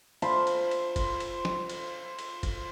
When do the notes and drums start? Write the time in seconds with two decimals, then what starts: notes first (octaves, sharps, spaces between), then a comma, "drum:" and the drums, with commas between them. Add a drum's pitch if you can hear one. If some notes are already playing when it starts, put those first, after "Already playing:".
0.22 F4 C5 A5 B5, drum: cymbal
0.47 drum: cymbal
0.71 drum: cymbal
0.96 drum: kick F#1, cymbal
1.20 drum: cymbal
1.45 drum: snare
1.69 drum: cymbal
2.19 drum: cymbal
2.43 drum: kick F#1, cymbal